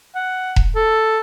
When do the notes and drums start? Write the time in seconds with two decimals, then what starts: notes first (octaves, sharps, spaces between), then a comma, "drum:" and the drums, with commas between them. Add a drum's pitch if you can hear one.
0.15 F#5
0.56 drum: kick E1
0.76 A4